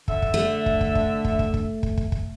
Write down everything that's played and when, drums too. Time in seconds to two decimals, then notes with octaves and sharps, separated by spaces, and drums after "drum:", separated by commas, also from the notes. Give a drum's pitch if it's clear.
0.08 D3 E5, drum: kick
0.22 drum: kick
0.34 A3
0.66 drum: kick
0.81 drum: kick
0.95 drum: kick
1.25 drum: kick
1.39 drum: kick
1.54 drum: kick
1.83 drum: kick
1.97 drum: kick
2.12 drum: kick